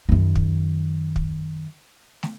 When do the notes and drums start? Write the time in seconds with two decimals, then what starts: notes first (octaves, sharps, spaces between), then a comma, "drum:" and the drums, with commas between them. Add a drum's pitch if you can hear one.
0.09 F#2 D#3
0.35 drum: kick
1.16 drum: kick
2.23 drum: snare